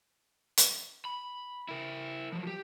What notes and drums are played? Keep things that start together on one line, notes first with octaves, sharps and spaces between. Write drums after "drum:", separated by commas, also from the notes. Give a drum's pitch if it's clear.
drum: hi-hat
B5
E4 A#4
F3 F#3
G4